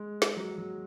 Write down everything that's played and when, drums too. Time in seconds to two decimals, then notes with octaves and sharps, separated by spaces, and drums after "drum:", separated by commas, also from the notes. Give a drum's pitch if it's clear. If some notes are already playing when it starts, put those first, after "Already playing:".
Already playing: G#3
0.22 drum: snare
0.37 F#3
0.58 F#3